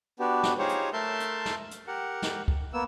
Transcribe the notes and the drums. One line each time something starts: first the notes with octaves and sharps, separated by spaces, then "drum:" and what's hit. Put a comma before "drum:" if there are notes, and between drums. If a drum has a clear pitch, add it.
B3 D4 F#4 G4
drum: snare
D#4 F4 G4 G#4 C5 C#5
drum: hi-hat
A3 A#4 E5 A5 C6 G6
drum: hi-hat
drum: snare
drum: hi-hat
G4 A#4 F#5
drum: snare
drum: kick
A#3 B3 E6